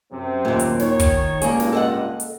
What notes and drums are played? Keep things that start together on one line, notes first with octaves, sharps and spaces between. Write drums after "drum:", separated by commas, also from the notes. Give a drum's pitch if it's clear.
F#2 C3 C4
D#2 A#2
drum: hi-hat
D#3 C#5, drum: snare
drum: kick, hi-hat
C#2 G2 A#2 A#3 G#4, drum: hi-hat
drum: snare
A4 D#5 F#5
drum: hi-hat